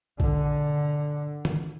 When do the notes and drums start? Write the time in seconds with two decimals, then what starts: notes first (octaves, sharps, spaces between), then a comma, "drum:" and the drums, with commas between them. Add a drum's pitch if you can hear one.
0.20 D3, drum: kick A#1
1.45 drum: tom